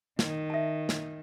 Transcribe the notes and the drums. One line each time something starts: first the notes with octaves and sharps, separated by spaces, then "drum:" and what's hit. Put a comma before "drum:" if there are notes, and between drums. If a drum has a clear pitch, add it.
D#3, drum: snare
E5 A5
drum: snare